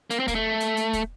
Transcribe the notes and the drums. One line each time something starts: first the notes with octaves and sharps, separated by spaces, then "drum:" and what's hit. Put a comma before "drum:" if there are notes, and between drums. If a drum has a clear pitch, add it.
A#3, drum: hi-hat
C4
A#3, drum: kick, hi-hat
A3
drum: hi-hat
drum: hi-hat
drum: kick, hi-hat